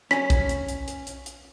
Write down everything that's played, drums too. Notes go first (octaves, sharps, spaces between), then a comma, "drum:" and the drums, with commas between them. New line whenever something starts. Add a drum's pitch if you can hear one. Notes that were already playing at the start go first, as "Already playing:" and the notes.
C#4 B6, drum: rim click
drum: kick A#1, hi-hat
drum: hi-hat
drum: hi-hat
drum: hi-hat
drum: hi-hat
drum: hi-hat